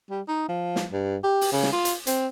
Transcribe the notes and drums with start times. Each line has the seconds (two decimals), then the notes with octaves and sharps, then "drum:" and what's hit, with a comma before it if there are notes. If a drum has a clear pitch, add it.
0.10 G3
0.28 D#4
0.49 F3
0.76 drum: snare
0.92 G2
1.24 G4
1.41 drum: open hi-hat
1.52 C#3
1.63 drum: snare
1.72 F4
1.85 drum: hi-hat
2.07 C4, drum: hi-hat